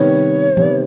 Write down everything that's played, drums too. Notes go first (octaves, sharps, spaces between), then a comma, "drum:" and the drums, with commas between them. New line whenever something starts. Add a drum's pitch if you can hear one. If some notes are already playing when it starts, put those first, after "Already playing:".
Already playing: C3 D#3 G3 B3 C#5
C3 D#3 G3 B3, drum: tom E3